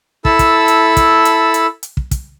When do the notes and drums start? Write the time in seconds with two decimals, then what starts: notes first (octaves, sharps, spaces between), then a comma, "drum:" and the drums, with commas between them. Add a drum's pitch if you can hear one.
0.25 E4 A4 A5 B5 E6, drum: kick
0.39 drum: kick, hi-hat
0.68 drum: hi-hat
0.97 drum: kick, hi-hat
1.25 drum: hi-hat
1.54 drum: hi-hat
1.83 drum: hi-hat
1.97 drum: kick
2.11 drum: kick, hi-hat